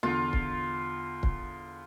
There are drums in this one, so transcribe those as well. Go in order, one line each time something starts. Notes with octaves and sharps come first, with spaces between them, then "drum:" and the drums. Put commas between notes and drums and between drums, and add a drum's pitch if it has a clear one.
E2 D3 F4
drum: kick
drum: kick